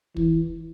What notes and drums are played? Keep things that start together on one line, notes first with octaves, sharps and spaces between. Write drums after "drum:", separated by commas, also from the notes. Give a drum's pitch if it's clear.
E3, drum: kick